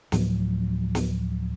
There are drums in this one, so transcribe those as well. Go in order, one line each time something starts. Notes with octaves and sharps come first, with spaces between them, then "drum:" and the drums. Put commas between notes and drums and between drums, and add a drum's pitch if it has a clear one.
D2 A2 F3 F#3, drum: snare
drum: snare